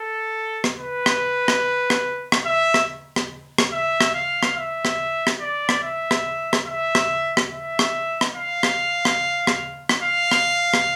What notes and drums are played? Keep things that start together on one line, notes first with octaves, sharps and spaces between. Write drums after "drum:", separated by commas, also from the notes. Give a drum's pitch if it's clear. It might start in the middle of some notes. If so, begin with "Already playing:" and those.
Already playing: A4
drum: rim click
B4
drum: rim click
drum: rim click
drum: rim click
drum: rim click
E5
drum: rim click
drum: rim click
drum: rim click
E5
drum: rim click
F5
drum: rim click
E5
drum: rim click
drum: rim click
D5
drum: rim click
E5
drum: rim click
drum: rim click
E5
drum: rim click
drum: rim click
E5
drum: rim click
drum: rim click
F5
drum: rim click
drum: rim click
drum: rim click
drum: rim click
F5
drum: rim click
drum: rim click